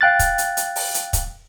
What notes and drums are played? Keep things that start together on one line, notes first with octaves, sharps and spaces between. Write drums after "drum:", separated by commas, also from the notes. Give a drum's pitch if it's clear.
F5 G5 F#6 A6
drum: kick, hi-hat
drum: hi-hat
drum: hi-hat
drum: open hi-hat
drum: hi-hat
drum: kick, hi-hat